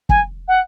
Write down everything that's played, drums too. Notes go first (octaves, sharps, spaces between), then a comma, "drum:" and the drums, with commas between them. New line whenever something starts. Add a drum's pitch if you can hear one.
G#5, drum: kick
F#5